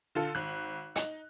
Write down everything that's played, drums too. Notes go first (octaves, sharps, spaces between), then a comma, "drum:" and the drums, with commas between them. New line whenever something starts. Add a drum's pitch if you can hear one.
D3 F4 A4
G#1 F#6
D#4, drum: hi-hat